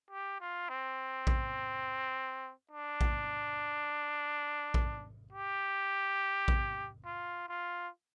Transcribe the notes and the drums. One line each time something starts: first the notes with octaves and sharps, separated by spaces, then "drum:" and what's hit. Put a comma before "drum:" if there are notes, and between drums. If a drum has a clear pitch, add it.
G4
F4
C4
drum: kick A#1
D4
drum: kick A#1
drum: kick A#1
G4
drum: kick A#1
F4
F4